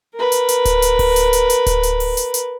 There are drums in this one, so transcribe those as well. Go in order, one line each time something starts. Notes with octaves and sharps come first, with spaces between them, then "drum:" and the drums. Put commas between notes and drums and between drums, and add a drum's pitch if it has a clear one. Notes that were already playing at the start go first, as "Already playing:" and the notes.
A#4 B4
drum: hi-hat
drum: hi-hat
drum: kick D1, hi-hat
drum: hi-hat
drum: kick D1, open hi-hat
drum: hi-hat
drum: hi-hat
drum: hi-hat
drum: kick D1, hi-hat
drum: hi-hat
drum: open hi-hat
drum: hi-hat
drum: hi-hat